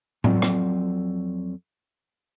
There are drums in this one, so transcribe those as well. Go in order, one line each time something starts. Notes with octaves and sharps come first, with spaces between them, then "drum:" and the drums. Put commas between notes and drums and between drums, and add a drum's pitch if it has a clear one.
F2 F#3 C4 F4 A4 D5, drum: tom A2
drum: rim click